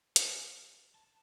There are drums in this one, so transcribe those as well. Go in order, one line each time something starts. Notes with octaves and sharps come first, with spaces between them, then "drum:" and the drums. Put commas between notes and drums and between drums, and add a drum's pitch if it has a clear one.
G#5, drum: hi-hat
A5